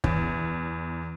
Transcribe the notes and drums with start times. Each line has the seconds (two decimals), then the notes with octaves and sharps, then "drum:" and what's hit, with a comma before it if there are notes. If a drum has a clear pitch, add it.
0.04 E2, drum: kick